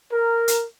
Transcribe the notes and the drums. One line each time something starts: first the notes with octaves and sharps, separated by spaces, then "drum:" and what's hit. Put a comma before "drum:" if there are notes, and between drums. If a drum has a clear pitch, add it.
A#4
drum: hi-hat